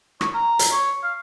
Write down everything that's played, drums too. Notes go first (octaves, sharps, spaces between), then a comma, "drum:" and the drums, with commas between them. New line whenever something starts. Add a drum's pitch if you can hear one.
C#5, drum: rim click
A#5
drum: hi-hat
C#5
F5